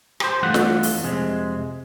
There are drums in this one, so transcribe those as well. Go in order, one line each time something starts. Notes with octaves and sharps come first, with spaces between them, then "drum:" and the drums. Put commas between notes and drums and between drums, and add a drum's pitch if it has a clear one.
G4 C5, drum: rim click
G2 E3 A3 F4 F#5
drum: snare
drum: open hi-hat
F2 C3 G#3